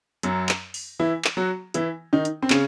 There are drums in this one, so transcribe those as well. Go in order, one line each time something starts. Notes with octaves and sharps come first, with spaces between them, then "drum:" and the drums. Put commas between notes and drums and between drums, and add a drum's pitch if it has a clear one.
F#2 F#3, drum: hi-hat
drum: clap
drum: open hi-hat
E3 E4
drum: clap
F#3 F#4
E3 E4, drum: hi-hat
D#3 D#4
drum: hi-hat
C4
C#3 C#4, drum: clap